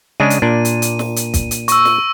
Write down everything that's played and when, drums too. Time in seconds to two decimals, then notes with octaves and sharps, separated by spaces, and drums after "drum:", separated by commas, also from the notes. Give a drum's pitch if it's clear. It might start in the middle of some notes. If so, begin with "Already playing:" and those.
0.20 C#3 G#3 D4 D#7
0.30 drum: hi-hat
0.42 A#2 D4
0.65 drum: hi-hat
0.82 drum: hi-hat
0.99 drum: snare
1.16 drum: hi-hat
1.34 drum: kick, hi-hat
1.51 drum: hi-hat
1.68 C#6 E6, drum: hi-hat
1.85 drum: snare